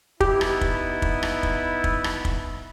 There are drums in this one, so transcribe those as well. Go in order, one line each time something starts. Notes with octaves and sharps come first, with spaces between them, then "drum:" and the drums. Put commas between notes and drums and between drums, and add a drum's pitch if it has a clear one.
B3 D#4 E4 G4, drum: kick
drum: rim click
drum: kick
drum: kick
drum: rim click
drum: kick
drum: kick
drum: rim click
drum: kick